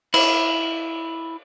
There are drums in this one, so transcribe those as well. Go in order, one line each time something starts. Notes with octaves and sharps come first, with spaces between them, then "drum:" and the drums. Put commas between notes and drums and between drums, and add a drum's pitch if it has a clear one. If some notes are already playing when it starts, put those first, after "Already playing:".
E4, drum: cymbal